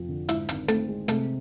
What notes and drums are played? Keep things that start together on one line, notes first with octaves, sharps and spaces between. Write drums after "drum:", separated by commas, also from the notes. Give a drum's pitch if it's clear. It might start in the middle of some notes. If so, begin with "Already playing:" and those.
Already playing: F1 F2 F3 C4
D3
G#2 E4 E5, drum: hi-hat
G#1, drum: hi-hat
A3 C4 A4, drum: hi-hat
G#3
C3 A3 A4, drum: hi-hat